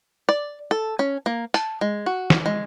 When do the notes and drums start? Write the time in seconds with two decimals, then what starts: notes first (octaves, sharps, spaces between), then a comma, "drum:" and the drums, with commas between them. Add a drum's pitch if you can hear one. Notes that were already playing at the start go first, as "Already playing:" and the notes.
0.29 D5
0.71 A4
0.99 C#4
1.26 A#3
1.54 A5, drum: hi-hat
1.81 G#3
2.06 F#4
2.30 drum: snare
2.46 G#3